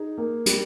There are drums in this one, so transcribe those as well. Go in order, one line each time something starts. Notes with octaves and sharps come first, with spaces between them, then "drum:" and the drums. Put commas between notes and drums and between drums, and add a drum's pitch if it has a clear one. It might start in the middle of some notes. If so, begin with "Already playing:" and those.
Already playing: D#4 G#4
A#3
G3, drum: hi-hat